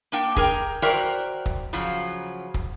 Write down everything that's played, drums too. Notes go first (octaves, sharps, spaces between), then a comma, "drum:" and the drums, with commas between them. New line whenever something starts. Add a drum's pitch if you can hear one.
A#3 D4 G5
G#4 A#4 G5, drum: kick
F#4 A#4 C5 D5 E5 G5
drum: kick
C#3 F3 F#3
drum: kick